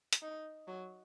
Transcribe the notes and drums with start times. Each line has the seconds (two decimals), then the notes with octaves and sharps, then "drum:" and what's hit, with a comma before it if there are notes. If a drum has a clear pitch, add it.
0.13 drum: hi-hat
0.22 D#4
0.68 F#3